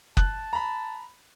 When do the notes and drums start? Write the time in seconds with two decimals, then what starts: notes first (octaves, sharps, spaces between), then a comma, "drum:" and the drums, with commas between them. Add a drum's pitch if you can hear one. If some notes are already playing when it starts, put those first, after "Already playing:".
0.17 A5 F#6, drum: kick F#1
0.53 A#5 B5